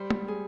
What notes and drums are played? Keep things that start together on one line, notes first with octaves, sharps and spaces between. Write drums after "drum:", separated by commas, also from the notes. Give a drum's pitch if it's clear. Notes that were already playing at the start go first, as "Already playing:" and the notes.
Already playing: G3 C5
drum: tom
G#4